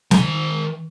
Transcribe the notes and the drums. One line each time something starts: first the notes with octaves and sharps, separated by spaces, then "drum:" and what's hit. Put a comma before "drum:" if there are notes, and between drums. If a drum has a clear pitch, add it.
D#3 G#5, drum: snare